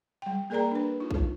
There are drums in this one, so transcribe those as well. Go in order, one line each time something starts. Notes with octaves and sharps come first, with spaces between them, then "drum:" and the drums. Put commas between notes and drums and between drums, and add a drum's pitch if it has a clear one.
G3 G5
A#3 G#4 A#4 D5 G5 A#5
D4 B4
D#4 F4
drum: kick